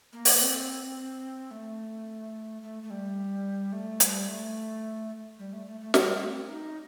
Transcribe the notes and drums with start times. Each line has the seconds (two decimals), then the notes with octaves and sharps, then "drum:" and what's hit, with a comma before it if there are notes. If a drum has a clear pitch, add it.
0.13 A#3
0.25 drum: open hi-hat
0.41 C4
1.51 A3
2.62 A3
2.83 A3
2.90 G3
3.73 A3
4.00 G3, drum: hi-hat
4.28 A3
5.39 G3
5.53 A3
5.66 A3
5.80 A3
5.94 G3, drum: snare
6.13 A3
6.31 C4
6.49 D#4